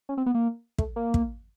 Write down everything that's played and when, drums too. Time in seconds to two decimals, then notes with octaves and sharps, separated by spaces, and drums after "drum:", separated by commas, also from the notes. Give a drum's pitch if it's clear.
0.09 C#4
0.17 C4
0.26 B3
0.35 A#3
0.78 A3, drum: kick
0.96 A#3
1.14 drum: kick